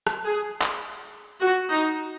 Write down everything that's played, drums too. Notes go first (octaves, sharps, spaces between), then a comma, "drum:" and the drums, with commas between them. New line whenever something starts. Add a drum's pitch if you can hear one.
drum: rim click
G#4
drum: clap
F#4
D#4